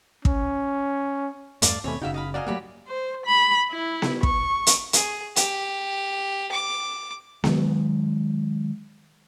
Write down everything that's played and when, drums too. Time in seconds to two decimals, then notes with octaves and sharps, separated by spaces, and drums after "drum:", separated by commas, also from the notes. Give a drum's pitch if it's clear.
0.25 C#4, drum: kick
1.62 E2 G2 A3 D5 F5 A5, drum: hi-hat
1.84 D#2 B2 A3 C4 C#5 G#5 B5
2.02 F#1 C#3 D#4 F#4 E5 F5 G5
2.14 D#5 F5 B5
2.34 F#4 A#4 D5 D#5 F5 G#5
2.47 F#3 A3 A#3 F#4 G4 B5
2.87 C5
3.25 B5
3.71 E4
4.02 drum: snare B3
4.23 C#6, drum: kick
4.67 drum: hi-hat
4.93 G#4, drum: hi-hat
5.36 G4, drum: hi-hat
6.51 D6
7.44 D#3 F#3 G#3, drum: snare B3